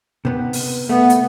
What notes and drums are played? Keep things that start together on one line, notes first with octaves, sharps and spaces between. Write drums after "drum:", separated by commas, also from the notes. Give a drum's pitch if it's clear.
C3 B3
drum: open hi-hat
A3 B3
drum: hi-hat